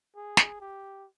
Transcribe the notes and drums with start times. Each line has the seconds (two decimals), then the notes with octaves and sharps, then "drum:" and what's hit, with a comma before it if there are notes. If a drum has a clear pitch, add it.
0.16 G#4
0.37 drum: snare
0.60 G4